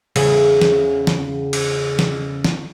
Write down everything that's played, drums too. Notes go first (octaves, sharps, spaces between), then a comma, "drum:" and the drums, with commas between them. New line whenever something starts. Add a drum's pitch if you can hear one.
E2 C#3 G#4, drum: cymbal
drum: snare
drum: snare
drum: cymbal
drum: snare
drum: snare